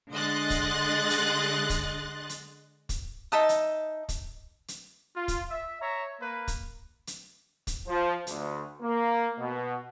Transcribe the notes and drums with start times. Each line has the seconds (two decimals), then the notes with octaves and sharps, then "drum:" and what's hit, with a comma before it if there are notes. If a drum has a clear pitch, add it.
0.13 D3 G#3 D#5 C6 F#6 A6
0.50 drum: kick, hi-hat
1.10 drum: hi-hat
1.70 drum: kick, hi-hat
2.29 drum: hi-hat
2.89 drum: kick, hi-hat
3.32 D#4 E5 A5 D#6
3.49 drum: hi-hat
4.09 drum: kick, hi-hat
4.68 drum: hi-hat
5.16 F4
5.28 drum: kick, hi-hat
5.50 E5
5.81 C#5 E5 A#5
6.20 A#3 B4
6.48 drum: kick, hi-hat
7.07 drum: hi-hat
7.67 drum: kick, hi-hat
7.88 F3
8.27 D2, drum: hi-hat
8.82 A#3
9.39 B2